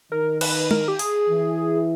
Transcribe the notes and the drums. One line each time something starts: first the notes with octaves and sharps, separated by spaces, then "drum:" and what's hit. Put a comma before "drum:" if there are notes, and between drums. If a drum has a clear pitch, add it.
D#3 D#4 A#4
B4, drum: cymbal
A#4, drum: tom
G4
G#4, drum: open hi-hat
E3 E4